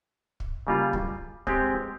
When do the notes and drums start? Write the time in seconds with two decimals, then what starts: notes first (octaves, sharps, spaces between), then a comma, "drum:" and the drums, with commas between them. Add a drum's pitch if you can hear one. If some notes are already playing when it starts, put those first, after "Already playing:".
0.40 drum: kick
0.67 C#3 G3 A#3 F4
0.93 drum: kick
1.47 G#3 C4 G4, drum: kick